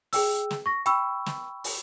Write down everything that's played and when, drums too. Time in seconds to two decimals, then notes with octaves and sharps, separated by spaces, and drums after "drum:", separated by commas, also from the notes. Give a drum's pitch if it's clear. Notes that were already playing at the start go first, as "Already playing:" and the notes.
0.13 G#4 G5 E6, drum: open hi-hat
0.51 drum: snare
0.66 C#6 A#6
0.86 G5 B5 C#6 E6, drum: hi-hat
1.26 drum: snare
1.64 drum: open hi-hat